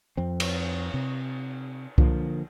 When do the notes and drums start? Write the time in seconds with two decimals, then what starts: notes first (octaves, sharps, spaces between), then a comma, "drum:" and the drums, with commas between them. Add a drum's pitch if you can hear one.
0.17 F2 C4
0.40 drum: cymbal
0.94 C3
1.98 D3 F3 A#3, drum: kick C2